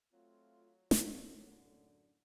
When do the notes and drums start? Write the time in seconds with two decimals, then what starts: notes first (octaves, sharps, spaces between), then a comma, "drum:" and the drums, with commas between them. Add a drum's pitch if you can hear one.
0.13 F#3 A3 C4 F4
0.91 E2, drum: snare
1.27 F#2 A2 D3